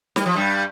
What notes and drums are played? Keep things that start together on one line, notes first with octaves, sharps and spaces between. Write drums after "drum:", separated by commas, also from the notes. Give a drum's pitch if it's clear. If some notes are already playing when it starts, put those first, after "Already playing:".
G3, drum: snare
F3
G2 G3